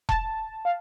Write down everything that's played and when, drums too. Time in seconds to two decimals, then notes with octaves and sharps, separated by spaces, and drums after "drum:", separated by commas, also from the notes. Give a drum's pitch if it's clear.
0.09 A5, drum: kick E1
0.65 F5